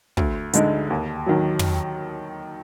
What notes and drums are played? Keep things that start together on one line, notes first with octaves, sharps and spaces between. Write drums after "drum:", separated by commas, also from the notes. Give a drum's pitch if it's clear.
D2, drum: kick
D3 G#3 D#4, drum: hi-hat
D#2
D#3 F#3
drum: tom